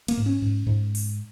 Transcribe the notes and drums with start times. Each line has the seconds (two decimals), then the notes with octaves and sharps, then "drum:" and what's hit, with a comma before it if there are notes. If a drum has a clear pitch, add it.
0.08 A#3, drum: cymbal
0.17 G#2
0.26 C#4
0.42 G#2
0.67 G#2
0.95 drum: open hi-hat